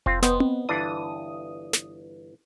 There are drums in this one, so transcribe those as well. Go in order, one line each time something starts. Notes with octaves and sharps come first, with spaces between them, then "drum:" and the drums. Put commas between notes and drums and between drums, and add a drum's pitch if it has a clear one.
C4 F4, drum: kick F1
B3 C5 D#5 G5, drum: snare
drum: tom C4
G1 E3 D4 D#6
drum: snare